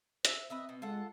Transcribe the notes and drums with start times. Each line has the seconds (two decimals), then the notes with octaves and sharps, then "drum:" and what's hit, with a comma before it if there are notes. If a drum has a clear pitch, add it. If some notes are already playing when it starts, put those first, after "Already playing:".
0.25 C5 E5, drum: hi-hat
0.50 C4 B4 D#5 E5
0.69 B2
0.82 G#3 F4 A4 F#5